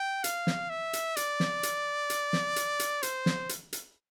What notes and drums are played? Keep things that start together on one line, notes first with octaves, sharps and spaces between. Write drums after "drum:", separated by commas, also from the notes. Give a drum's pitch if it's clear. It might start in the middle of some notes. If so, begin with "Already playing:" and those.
Already playing: G5
F5, drum: hi-hat
drum: snare
E5
drum: hi-hat
D5, drum: hi-hat
drum: snare
drum: hi-hat
drum: hi-hat
drum: snare
drum: hi-hat
drum: hi-hat
C5, drum: hi-hat
drum: snare
drum: hi-hat
drum: hi-hat